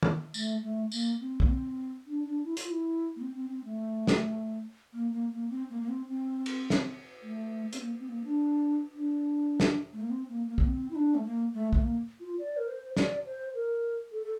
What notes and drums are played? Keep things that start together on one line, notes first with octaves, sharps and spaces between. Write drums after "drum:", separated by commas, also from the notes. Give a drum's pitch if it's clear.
drum: tom
A3, drum: tambourine
A3
A#3, drum: tambourine
C4
A#3, drum: kick
C4
D4
D4
E4
F4, drum: hi-hat
E4
A#3
C4
C4
C4
A3
drum: snare
A#3
A#3
A#3
C4
A#3
A#3
C4
C4
drum: cymbal
drum: snare
A3
C4, drum: hi-hat
A#3
C4
A#3
D4
D4
drum: snare
A3
A#3
C4
A#3
A#3
A#3, drum: kick
C4
E4
D4
A3
A#3
A3
A3, drum: kick
A#3
F4
D5
A#4
C5
D5, drum: snare
C5
A#4
A4
A4